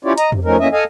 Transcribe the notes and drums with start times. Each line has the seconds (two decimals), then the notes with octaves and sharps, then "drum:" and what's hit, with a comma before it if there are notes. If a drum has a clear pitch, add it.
0.05 C#4 E4 F4 G4 C#5 D5
0.18 D#5 A#5, drum: hi-hat
0.32 F#2 C3, drum: tom
0.45 F3 A3 C#4 D#4 A#4
0.60 F2 E3 A#3 C#4 D#5 E5
0.72 A4 D#5 F5 G#5